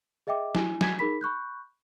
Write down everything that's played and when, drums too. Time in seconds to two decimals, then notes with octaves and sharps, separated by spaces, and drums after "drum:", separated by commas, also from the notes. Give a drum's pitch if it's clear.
0.27 G#4 D#5 E5 G5 D6
0.55 E4 G#5, drum: snare
0.81 G#5 G#6 B6, drum: snare
0.99 D#4 G#4 A#4 B5 B6
1.21 B5 C#6 F#6 G6